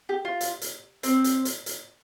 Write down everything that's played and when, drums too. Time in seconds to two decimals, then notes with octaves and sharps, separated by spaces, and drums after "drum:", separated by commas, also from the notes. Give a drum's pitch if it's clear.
0.09 G4
0.25 F4
0.41 drum: hi-hat
0.61 drum: hi-hat
1.03 C4, drum: hi-hat
1.24 drum: hi-hat
1.45 drum: hi-hat
1.66 drum: hi-hat